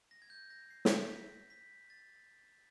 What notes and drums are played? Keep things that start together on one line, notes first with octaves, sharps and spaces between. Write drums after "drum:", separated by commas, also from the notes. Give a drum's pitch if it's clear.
A#6
G#6
G6
A#6
C7
drum: snare
B6
B6
A6